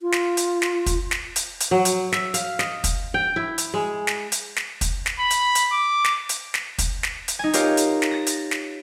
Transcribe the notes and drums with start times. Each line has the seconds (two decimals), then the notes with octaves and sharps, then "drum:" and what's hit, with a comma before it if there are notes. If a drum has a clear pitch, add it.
0.01 F4
0.12 drum: snare
0.37 drum: hi-hat
0.62 drum: snare
0.86 drum: kick, hi-hat
1.11 drum: snare
1.36 drum: hi-hat
1.60 drum: hi-hat
1.71 F#3
1.85 drum: hi-hat
2.12 E5, drum: snare
2.34 F5, drum: hi-hat
2.59 D#5, drum: snare
2.84 drum: kick, hi-hat
3.14 G5
3.36 E4
3.58 drum: hi-hat
3.74 G#3
4.07 drum: snare
4.32 drum: hi-hat
4.56 drum: snare
4.81 drum: kick, hi-hat
5.06 drum: snare
5.19 B5
5.30 drum: hi-hat
5.55 drum: hi-hat
5.72 D6
6.04 drum: snare
6.29 drum: hi-hat
6.54 drum: snare
6.78 drum: kick, hi-hat
7.03 drum: snare
7.28 drum: hi-hat
7.39 D#4 G#5
7.53 F4 G4 A#4 C#5 F5, drum: hi-hat
7.77 drum: hi-hat
8.02 drum: snare
8.11 A6 A#6
8.26 drum: hi-hat
8.51 drum: snare